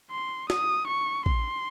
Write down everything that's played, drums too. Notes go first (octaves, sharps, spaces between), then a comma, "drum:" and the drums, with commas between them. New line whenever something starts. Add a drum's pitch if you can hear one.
C6
D#6, drum: snare
C#6
C6, drum: kick